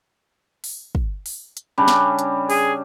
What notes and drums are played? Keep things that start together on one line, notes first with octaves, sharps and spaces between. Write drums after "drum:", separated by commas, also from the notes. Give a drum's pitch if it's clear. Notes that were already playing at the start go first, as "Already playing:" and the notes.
drum: open hi-hat
drum: kick
drum: open hi-hat
drum: hi-hat
C#3 G3 D4 B5
drum: snare
drum: hi-hat
G#4, drum: open hi-hat